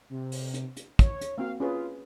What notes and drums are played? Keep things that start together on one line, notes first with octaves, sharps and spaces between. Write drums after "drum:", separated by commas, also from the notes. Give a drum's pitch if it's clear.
C3
drum: open hi-hat
drum: hi-hat
drum: hi-hat
C#5, drum: kick, hi-hat
drum: hi-hat
A#3 C4 F#4 F5
C#4 F4 G#4 B4